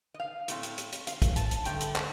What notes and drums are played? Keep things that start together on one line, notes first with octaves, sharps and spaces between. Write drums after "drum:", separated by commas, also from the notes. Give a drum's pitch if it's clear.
D#5
F5
A2 A3 C4, drum: hi-hat
drum: hi-hat
drum: hi-hat
drum: hi-hat
F5, drum: hi-hat
drum: kick, hi-hat
A5, drum: hi-hat
drum: hi-hat
G2 D3 A3 G5, drum: hi-hat
drum: hi-hat
A5, drum: clap